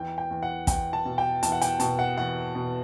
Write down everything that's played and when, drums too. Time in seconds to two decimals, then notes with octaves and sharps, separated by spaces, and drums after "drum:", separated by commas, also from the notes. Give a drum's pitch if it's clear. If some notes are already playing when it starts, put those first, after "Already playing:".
Already playing: E2 G5
0.18 G5
0.31 E2
0.43 F#5
0.67 E2 G5, drum: kick, hi-hat
0.93 A5
1.05 B2
1.18 G5
1.43 E2 A5, drum: hi-hat
1.52 F#5
1.62 G5, drum: hi-hat
1.80 B2 A5, drum: hi-hat
1.99 F#5
2.18 E2 F#5
2.55 B2